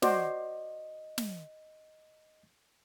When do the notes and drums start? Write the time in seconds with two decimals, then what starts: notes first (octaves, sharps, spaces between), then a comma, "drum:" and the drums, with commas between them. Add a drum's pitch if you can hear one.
0.02 F#4 C5 D5 D#5, drum: snare
1.18 drum: snare